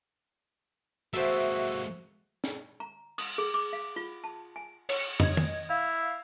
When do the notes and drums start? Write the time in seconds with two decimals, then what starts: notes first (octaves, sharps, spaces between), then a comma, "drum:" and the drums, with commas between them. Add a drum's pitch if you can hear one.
1.13 G#3 A#3 F#4 A4 C5 E5
2.44 drum: snare
2.80 A#5
3.18 D#6, drum: cymbal
3.38 G#4
3.54 D6
3.73 F5
3.96 F4
4.24 A5
4.56 G#5
4.89 C#5 C#7, drum: cymbal
5.20 D#5 G#6, drum: tom
5.37 drum: tom D#3
5.70 E4 F5